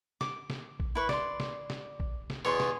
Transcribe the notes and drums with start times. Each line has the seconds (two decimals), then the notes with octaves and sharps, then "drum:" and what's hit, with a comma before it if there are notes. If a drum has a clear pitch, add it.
0.21 D6, drum: snare
0.50 drum: snare
0.80 drum: kick A#1
0.95 E4 B4 C#6
1.09 D5 C6, drum: snare
1.40 drum: snare
1.70 drum: snare
2.00 drum: kick A#1
2.30 drum: snare
2.45 E2 B2 C#5 G#5 C6
2.60 drum: snare